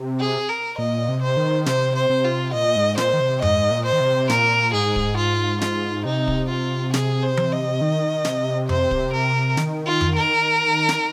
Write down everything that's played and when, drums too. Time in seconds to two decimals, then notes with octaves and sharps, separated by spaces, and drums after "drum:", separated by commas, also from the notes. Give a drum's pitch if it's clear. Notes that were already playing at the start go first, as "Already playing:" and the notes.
Already playing: C3
0.20 G#4
0.49 A#4
0.78 A#2 D#5
1.08 C3
1.23 C5
1.37 D#3
1.66 C3 C5, drum: snare
1.96 C5
2.10 C3
2.25 F4
2.54 A#2 D#5
2.76 G#2
2.98 A#2 C5, drum: snare
3.13 D#3
3.20 C3
3.42 G#2 D#5, drum: tom F2
3.71 A#2
3.86 C5
3.93 D#3
4.00 C3
4.29 A#2 A#4, drum: snare
4.73 G#2 G#4
4.96 drum: kick
5.18 F4
5.61 F4, drum: snare
6.05 C3 D#4
6.28 drum: kick
6.49 F4
6.94 G#4, drum: snare
7.23 C5
7.37 drum: tom E3
7.52 D#5
7.81 D#3
8.25 C3, drum: snare
8.69 C5, drum: tom F2
8.91 drum: kick
9.13 A#4
9.57 D#3, drum: snare
9.86 F4
10.01 drum: tom F2
10.16 A#4
10.89 drum: snare